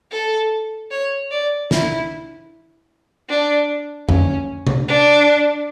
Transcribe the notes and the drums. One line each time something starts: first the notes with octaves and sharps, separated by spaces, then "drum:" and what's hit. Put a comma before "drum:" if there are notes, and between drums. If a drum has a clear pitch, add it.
A4
C#5
D5
E4, drum: snare
D4
C#4, drum: tom F2
drum: tom C3
D4